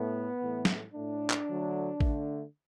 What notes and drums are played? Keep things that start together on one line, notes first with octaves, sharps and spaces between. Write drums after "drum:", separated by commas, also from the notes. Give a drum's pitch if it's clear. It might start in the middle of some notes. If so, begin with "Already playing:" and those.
Already playing: A2 A3 B3
A2 E3 A3
drum: snare
A2 A3 D4
drum: clap
D3 F#3 A3
D3 A3, drum: kick A1